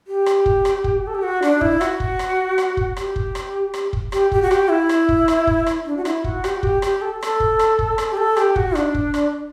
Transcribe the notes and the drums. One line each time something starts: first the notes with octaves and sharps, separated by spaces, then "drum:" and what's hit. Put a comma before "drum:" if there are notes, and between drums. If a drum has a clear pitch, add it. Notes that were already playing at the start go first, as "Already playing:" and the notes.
G4
drum: rim click
drum: kick
drum: rim click
drum: kick
A4
G4
F#4
D4, drum: rim click
E4, drum: kick
F#4, drum: rim click
drum: kick
drum: rim click
drum: rim click
drum: kick
G4, drum: rim click
drum: kick
drum: rim click
drum: rim click
drum: kick
G4, drum: rim click
G4, drum: kick
F#4
G4, drum: rim click
E4
drum: rim click
drum: kick
drum: rim click
drum: kick
drum: rim click
D4
F#4
E4, drum: rim click
F#4, drum: kick
G4, drum: rim click
F#4
G4, drum: kick
G4, drum: rim click
A4
A4, drum: rim click
drum: kick
drum: rim click
drum: kick
drum: rim click
G4
A4
G4, drum: rim click
F#4, drum: kick
D4, drum: rim click
drum: kick
drum: rim click